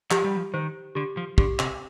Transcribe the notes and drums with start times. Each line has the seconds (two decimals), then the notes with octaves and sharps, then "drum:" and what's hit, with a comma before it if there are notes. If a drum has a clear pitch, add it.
0.11 F3 G4, drum: clap
0.24 G3
0.37 F3
0.54 D#3 C5
0.95 D3 G4
1.17 F3
1.38 D3 G4, drum: kick
1.59 C3, drum: clap